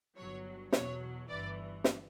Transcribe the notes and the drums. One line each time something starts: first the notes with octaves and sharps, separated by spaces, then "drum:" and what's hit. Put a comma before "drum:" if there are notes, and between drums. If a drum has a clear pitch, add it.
G1 G2 F#3 C#5
E2 B2 F#3 C#5, drum: snare
G1 G2 E3 D5
drum: snare